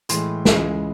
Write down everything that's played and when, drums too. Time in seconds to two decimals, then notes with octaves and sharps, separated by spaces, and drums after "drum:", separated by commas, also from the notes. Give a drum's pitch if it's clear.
0.09 A2 E3 G#3 C6, drum: hi-hat
0.45 C#2 C#3 E3 G#3, drum: snare